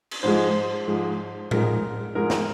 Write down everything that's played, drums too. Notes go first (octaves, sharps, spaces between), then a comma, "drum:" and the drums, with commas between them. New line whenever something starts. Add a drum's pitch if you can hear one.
drum: cymbal
G#2 F3 G#3 C5
G#2 F3 G#3
G#2 F3 G#3 A#4, drum: tom A2
G#2 F3 G#3 A#4
drum: snare